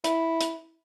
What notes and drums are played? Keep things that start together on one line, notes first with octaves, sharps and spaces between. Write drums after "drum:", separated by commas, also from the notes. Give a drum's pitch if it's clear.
E4, drum: hi-hat
drum: hi-hat